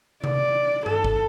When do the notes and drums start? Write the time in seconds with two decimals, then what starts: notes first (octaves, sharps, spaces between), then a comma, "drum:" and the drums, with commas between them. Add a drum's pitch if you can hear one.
0.24 D5, drum: tom C3
0.86 A4, drum: tom G2
1.04 drum: kick G1